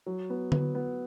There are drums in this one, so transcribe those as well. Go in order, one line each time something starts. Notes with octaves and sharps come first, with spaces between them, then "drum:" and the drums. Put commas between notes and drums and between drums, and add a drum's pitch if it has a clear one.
F#3
B3
B3, drum: tom D3
B3